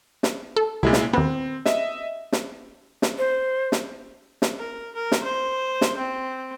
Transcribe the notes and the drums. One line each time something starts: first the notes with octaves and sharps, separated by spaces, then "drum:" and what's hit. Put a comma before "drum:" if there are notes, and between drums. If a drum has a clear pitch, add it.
drum: snare
A4
C2 A#2 G#3 E4
drum: snare
D#2 B3 C4
D#5 E5, drum: snare
drum: snare
drum: snare
C5
drum: snare
drum: snare
A#4
A#4
drum: snare
C5
drum: snare
C4